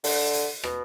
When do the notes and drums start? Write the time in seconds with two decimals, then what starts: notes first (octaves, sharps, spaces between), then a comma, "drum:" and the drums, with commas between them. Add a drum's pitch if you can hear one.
0.04 D3, drum: open hi-hat
0.34 drum: hi-hat
0.64 B2, drum: rim click